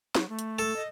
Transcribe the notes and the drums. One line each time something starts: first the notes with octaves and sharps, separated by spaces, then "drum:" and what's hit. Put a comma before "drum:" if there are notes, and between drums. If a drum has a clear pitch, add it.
F#3, drum: snare
A3
drum: hi-hat
A4
D#5